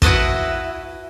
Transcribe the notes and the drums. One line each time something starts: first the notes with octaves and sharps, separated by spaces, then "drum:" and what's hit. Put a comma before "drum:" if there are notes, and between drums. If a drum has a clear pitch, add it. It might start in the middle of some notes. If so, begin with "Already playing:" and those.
E4 F#4 B4 D#5 A5, drum: kick